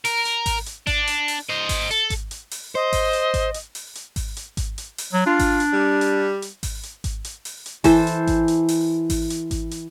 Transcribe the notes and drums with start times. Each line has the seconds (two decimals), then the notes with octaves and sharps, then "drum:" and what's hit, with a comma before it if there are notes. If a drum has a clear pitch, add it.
0.05 A#4, drum: open hi-hat
0.25 drum: hi-hat
0.46 drum: kick G#1, open hi-hat
0.66 drum: hi-hat
0.87 D4, drum: kick G#1, hi-hat
1.07 drum: hi-hat
1.28 drum: open hi-hat
1.50 C5 D#5
1.69 drum: kick G#1, open hi-hat
1.91 A4, drum: hi-hat
2.10 drum: kick G#1, hi-hat
2.31 drum: hi-hat
2.51 drum: open hi-hat
2.75 C5 D#5
2.93 drum: kick G#1, open hi-hat
3.13 drum: hi-hat
3.34 drum: kick G#1, hi-hat
3.54 drum: hi-hat
3.75 drum: open hi-hat
3.95 drum: hi-hat
4.16 drum: kick G#1, open hi-hat
4.37 drum: hi-hat
4.57 drum: kick G#1, hi-hat
4.78 drum: hi-hat
4.98 drum: open hi-hat
5.13 F#3
5.26 D4 F4
5.39 drum: kick G#1, open hi-hat
5.60 drum: hi-hat
5.72 G3
6.01 drum: hi-hat
6.42 drum: hi-hat
6.63 drum: kick G#1, open hi-hat
6.83 drum: hi-hat
7.04 drum: kick G#1, hi-hat
7.25 drum: hi-hat
7.45 drum: open hi-hat
7.66 drum: hi-hat
7.84 E3 A4 C5, drum: kick G#1, open hi-hat
8.07 drum: hi-hat
8.27 drum: kick G#1, hi-hat
8.48 drum: hi-hat
8.69 drum: open hi-hat
9.10 drum: kick G#1, open hi-hat
9.30 drum: hi-hat
9.51 drum: kick G#1, hi-hat
9.71 drum: hi-hat